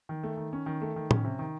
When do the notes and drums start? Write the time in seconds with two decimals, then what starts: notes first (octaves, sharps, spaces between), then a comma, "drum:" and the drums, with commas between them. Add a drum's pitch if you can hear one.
0.09 D#3
0.23 A3
0.37 D#3
0.53 C#4
0.66 D#3
0.82 A3
0.96 D#3
1.11 C#4, drum: tom A2
1.24 C3
1.39 D#3